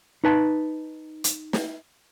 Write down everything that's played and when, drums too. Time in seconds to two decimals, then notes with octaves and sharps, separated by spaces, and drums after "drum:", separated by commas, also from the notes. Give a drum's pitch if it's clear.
0.24 D#4 B4 A5
1.24 drum: hi-hat
1.53 drum: snare